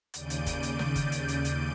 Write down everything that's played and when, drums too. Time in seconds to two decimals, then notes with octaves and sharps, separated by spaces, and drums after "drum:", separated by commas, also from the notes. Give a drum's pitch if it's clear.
0.14 D#2 C#3 D5 G6 D7 D#7, drum: hi-hat
0.30 drum: hi-hat
0.46 drum: kick, hi-hat
0.63 drum: hi-hat
0.79 drum: snare
0.96 drum: kick, hi-hat
1.12 drum: hi-hat
1.28 drum: hi-hat
1.45 drum: hi-hat